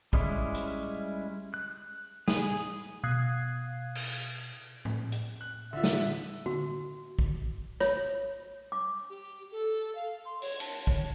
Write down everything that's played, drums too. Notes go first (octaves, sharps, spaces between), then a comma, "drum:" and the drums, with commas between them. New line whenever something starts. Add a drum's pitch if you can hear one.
G3 G#3 C#4 E4, drum: kick
drum: hi-hat
F#6
G#4, drum: snare
B2 F5 D#6 F#6 G#6 C7
drum: cymbal
drum: tom A2
drum: hi-hat
F#6
D3 F4 E5
drum: snare
F#4, drum: tom
drum: kick
C#5, drum: rim click
D6
G4
A4
F5
C6
C#5, drum: open hi-hat
A5, drum: cymbal
C#5, drum: kick